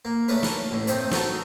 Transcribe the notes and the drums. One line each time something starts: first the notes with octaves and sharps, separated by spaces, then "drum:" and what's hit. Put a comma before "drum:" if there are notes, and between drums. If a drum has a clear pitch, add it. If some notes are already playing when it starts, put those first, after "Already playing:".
A#3
C#3 A3 D4 A#4 B4
A5, drum: snare
A1 A2
G2 C3 C4 D#4 D#6, drum: hi-hat
D#4 F#4 A4, drum: snare